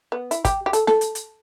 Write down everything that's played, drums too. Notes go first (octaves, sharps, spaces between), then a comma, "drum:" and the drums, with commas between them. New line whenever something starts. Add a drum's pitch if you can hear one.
B3
E4, drum: hi-hat
G4, drum: kick, hi-hat
G4
A4, drum: hi-hat
A4, drum: snare
drum: hi-hat
drum: hi-hat